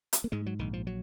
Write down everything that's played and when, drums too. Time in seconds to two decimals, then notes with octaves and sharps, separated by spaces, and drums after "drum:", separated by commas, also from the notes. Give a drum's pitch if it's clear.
0.13 drum: hi-hat
0.24 A#3
0.32 G#2 G#3
0.46 F#3
0.59 A#1 D#3
0.73 F3
0.87 F#3